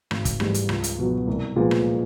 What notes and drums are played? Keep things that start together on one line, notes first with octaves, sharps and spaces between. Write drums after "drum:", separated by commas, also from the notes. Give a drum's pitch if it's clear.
G#1, drum: rim click
drum: kick, hi-hat
G#2 E3 G3, drum: rim click
drum: hi-hat
C#2, drum: rim click
drum: hi-hat
B2 F#3
C2
A#2 F3 G#3 B3
drum: rim click